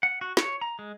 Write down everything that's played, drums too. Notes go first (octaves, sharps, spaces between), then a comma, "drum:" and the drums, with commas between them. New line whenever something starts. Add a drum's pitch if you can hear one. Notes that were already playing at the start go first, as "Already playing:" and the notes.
F#5
F#4
C#5, drum: snare
A#5
G#3